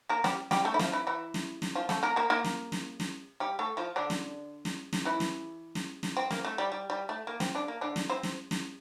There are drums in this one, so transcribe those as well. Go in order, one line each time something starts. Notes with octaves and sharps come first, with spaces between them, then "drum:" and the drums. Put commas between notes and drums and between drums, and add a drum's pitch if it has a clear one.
A#3 A#4
G3 G4, drum: snare
G3 G4, drum: snare
A3 A4
E4
F3 F4, drum: snare
E3 E4
E3 E4
drum: snare
drum: snare
F3 F4
A3 A4, drum: snare
A#3 A#4
A#3 A#4
A#3 A#4
drum: snare
drum: snare
drum: snare
G3 G4
A3 A4
F3 F4
D3 D4
drum: snare
drum: snare
drum: snare
E3 E4
drum: snare
drum: snare
drum: snare
C4
A#3, drum: snare
A3
G3
G3
G3
A3
A#3
C4, drum: snare
D3 D4
A#3
D3 D4
drum: snare
C4 C5
drum: snare
drum: snare